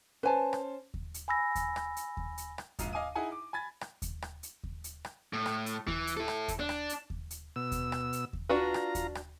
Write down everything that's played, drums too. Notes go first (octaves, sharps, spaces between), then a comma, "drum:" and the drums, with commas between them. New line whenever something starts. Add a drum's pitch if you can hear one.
C#4 B4 C5 G#5 A5
drum: rim click
drum: kick D#2
drum: hi-hat
G#5 B5 E6 A#6
drum: kick D#2, hi-hat
drum: rim click
drum: hi-hat
drum: kick D#2
drum: hi-hat
drum: rim click
A#1 G#2 F4 F5 D#7, drum: kick D#2, hi-hat
D#5 F5 G#5 D6 D#6 D#7
D#4 E4 G#4 F#5 G#5
D6
G#5 B5 G#6 A6
drum: rim click
drum: kick D#2, hi-hat
drum: rim click
drum: hi-hat
drum: kick D#2
drum: hi-hat
drum: rim click
A2
drum: rim click
drum: hi-hat
E3, drum: kick D#2
drum: hi-hat
E4 A4
drum: rim click
drum: kick D#2, hi-hat
D4
drum: rim click
drum: hi-hat
drum: kick D#2
drum: hi-hat
B2 E6
drum: kick D#2, hi-hat
drum: rim click
drum: hi-hat
drum: kick D#2
D4 F4 F#4 B4 A#5
drum: rim click
drum: kick D#2, hi-hat
drum: rim click